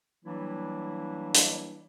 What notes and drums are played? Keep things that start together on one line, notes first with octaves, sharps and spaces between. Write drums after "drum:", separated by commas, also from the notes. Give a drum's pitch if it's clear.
E3 F#3 G3 A#3 D4 E4
drum: hi-hat